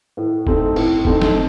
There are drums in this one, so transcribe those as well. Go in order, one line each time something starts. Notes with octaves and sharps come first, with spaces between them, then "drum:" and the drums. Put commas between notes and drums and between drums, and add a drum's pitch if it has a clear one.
A2
A3 C4 D#4, drum: kick
A2, drum: cymbal
A3 C4 D#4, drum: kick
drum: snare